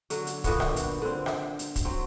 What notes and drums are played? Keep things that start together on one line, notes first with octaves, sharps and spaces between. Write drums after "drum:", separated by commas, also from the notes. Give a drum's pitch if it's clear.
D3 F#3, drum: hi-hat
drum: hi-hat
A#2 D3 B3 F#4, drum: kick, hi-hat
drum: rim click
drum: hi-hat
D3 C4
drum: rim click
drum: hi-hat
drum: kick, hi-hat
F#3 C4